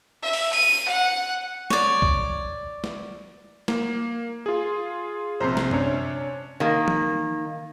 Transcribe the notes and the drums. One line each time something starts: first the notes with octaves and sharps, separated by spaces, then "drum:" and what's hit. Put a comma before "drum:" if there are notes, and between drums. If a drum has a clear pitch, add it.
E5
drum: open hi-hat
D#7, drum: open hi-hat
F#5
C#5 D5, drum: snare
drum: kick
drum: snare
A#3, drum: snare
F4 G#4
A#1 C3 C5 A#5 C7
drum: snare
C#4 D4 C#5, drum: tom F#2
D#3 A#3
drum: tom